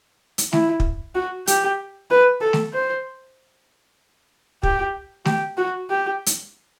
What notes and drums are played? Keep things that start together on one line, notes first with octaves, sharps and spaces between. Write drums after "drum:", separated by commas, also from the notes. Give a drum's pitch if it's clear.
drum: hi-hat
E4, drum: snare
drum: kick
F#4
G4, drum: hi-hat
B4
A4
drum: snare
C5
G4, drum: kick
G4, drum: snare
F#4
G4
drum: hi-hat